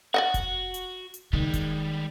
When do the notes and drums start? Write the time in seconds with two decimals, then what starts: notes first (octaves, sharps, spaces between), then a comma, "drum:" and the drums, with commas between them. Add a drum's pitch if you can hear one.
0.14 F#4 D5 D#5 F#5
0.34 drum: kick F1, hi-hat
0.74 drum: hi-hat
1.14 drum: hi-hat
1.33 D#3 G3 G#3
1.53 drum: kick F1, hi-hat